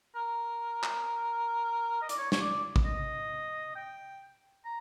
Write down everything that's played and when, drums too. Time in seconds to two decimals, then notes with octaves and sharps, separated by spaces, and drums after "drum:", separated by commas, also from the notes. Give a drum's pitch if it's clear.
0.16 A#4
0.83 drum: clap
2.02 D#5
2.09 D5, drum: hi-hat
2.18 C#5
2.32 C#5, drum: snare
2.40 D5
2.76 drum: kick
2.85 D#5
3.76 G5
4.65 A#5